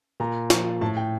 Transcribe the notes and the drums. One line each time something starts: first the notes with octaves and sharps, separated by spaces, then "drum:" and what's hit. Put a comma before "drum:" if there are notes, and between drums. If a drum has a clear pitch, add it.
A#2 A#5
F3, drum: snare
A2 A5
G5